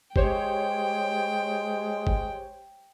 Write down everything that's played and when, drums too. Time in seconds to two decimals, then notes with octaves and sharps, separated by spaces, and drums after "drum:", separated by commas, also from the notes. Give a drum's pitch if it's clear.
0.16 G#3 G4 C5 C#5 G5, drum: kick
2.07 drum: kick